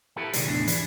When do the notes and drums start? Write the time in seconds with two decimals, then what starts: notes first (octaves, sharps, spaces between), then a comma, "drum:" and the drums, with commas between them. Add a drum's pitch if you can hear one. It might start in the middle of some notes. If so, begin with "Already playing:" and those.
0.16 E4 G4 A4 B4
0.33 C3 D#3 G#3, drum: hi-hat
0.47 E2 A2 D4
0.68 E3, drum: hi-hat